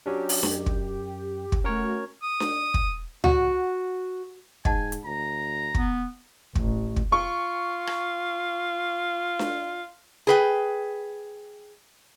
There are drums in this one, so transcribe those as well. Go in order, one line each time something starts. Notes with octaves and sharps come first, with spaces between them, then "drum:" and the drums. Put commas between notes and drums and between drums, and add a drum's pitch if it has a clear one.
F#3 C#4 D4 G4
drum: open hi-hat
F#2, drum: snare D4
drum: kick
drum: kick
A3 C#4 F#4 A#4 C#5
D#6
drum: snare D4
drum: kick
F#4, drum: tom C#2
G#2 D#5 F#5 G#5 A5, drum: kick
drum: hi-hat
D2 A#5
B3, drum: kick
A1, drum: kick
drum: kick
F4 C#6
drum: rim click
drum: snare D4
G#4 B4 G5